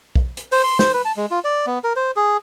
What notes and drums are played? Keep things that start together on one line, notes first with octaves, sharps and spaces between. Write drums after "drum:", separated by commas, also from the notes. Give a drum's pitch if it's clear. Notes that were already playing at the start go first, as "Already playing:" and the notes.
drum: kick B1
drum: hi-hat
C5, drum: open hi-hat
C6
C5, drum: snare
B4
A5
G#3
F4
D5
B3
A#4
C5
G#4